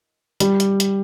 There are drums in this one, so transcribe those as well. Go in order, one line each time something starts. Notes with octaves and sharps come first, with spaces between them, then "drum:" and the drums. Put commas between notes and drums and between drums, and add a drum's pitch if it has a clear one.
G3, drum: hi-hat
drum: hi-hat
drum: hi-hat